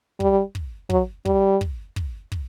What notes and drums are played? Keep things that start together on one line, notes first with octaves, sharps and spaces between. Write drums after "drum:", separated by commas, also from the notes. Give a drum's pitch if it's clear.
G3, drum: kick
drum: kick
F#3, drum: kick
G3, drum: kick
drum: kick
drum: kick
drum: kick